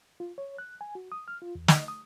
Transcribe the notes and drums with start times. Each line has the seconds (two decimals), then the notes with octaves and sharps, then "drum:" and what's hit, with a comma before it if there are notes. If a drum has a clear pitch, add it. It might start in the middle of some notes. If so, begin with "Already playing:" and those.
0.20 F4
0.38 C#5
0.58 F#6
0.81 G#5
0.95 F#4
1.12 D#6
1.28 F6
1.42 F4
1.55 E2
1.68 D#5, drum: snare
1.88 D#6